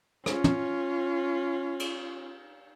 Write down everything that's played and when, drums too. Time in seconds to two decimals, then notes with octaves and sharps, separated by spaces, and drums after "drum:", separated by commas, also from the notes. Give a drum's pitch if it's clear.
0.26 C#4 F4, drum: rim click
0.44 drum: tom
1.80 drum: cymbal